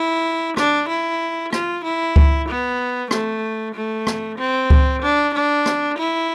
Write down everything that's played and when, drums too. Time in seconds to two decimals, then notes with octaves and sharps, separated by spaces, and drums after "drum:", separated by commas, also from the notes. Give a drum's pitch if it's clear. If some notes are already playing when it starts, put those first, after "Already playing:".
Already playing: E4
0.57 D4, drum: rim click
0.89 E4
1.53 F4, drum: rim click
1.84 E4
2.16 drum: kick C#2
2.48 B3
3.11 A3, drum: rim click
3.75 A3
4.07 drum: rim click
4.38 C4
4.70 drum: kick C#2
5.02 D4
5.34 D4
5.66 drum: rim click
5.98 E4